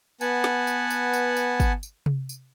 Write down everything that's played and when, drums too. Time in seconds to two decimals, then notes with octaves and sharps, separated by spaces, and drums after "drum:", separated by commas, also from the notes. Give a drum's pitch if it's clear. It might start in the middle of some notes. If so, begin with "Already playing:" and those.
0.21 B3 B4 F#5 G#5 A5, drum: tambourine
0.44 drum: snare
0.67 drum: tambourine
0.90 drum: tambourine
1.13 drum: tambourine
1.37 drum: tambourine
1.60 drum: kick, tambourine
1.83 drum: tambourine
2.06 drum: tom C3
2.29 drum: tambourine